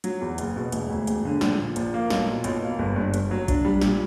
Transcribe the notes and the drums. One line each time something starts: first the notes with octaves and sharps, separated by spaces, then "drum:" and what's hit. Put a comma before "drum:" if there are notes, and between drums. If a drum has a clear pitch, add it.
F#3, drum: hi-hat
E2
F#1, drum: hi-hat
B2
E1, drum: hi-hat
D2
E1, drum: hi-hat
D3
A#1, drum: snare
A#2
A#1, drum: hi-hat
A#3
B1, drum: snare
A#2
B1, drum: hi-hat
A#3
G1
G2
G1, drum: hi-hat
F#3
D4, drum: kick A#1, hi-hat
G3
A#2, drum: snare